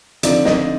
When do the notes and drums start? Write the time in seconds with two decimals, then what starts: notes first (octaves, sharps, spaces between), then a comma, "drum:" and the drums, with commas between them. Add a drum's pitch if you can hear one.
0.23 D3 F3 C4 D#4 D5, drum: hi-hat
0.45 D#5, drum: snare